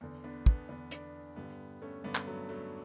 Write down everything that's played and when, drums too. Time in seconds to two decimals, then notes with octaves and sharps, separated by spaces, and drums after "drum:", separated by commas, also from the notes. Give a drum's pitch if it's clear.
0.01 E2 D3
0.24 B3 D4
0.46 B3 D4, drum: kick
0.69 E2 D3 B3 D4
0.91 B3 D4, drum: hi-hat
1.36 G2 D3 G3 B3
1.82 A3 C#4
2.04 G2 D3 B3 D4
2.15 drum: clap
2.26 F#3 A3
2.49 F#3 A3